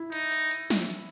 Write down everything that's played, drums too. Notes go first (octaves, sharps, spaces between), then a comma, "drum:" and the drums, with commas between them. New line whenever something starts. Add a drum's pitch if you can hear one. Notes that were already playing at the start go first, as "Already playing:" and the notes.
Already playing: E4
D#4, drum: hi-hat
drum: hi-hat
drum: hi-hat
drum: snare
drum: hi-hat